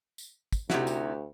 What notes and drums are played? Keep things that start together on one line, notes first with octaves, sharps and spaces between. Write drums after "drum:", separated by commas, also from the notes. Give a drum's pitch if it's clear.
drum: tambourine
drum: kick, tambourine
D2 C3 D#4 E4 F#4 G4, drum: snare
drum: tambourine